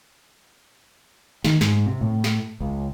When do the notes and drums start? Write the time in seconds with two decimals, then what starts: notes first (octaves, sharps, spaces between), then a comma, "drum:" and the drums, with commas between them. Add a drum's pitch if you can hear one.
1.44 D#3, drum: snare
1.61 G#2, drum: snare
1.86 C3
2.01 A2
2.24 drum: snare
2.60 C#2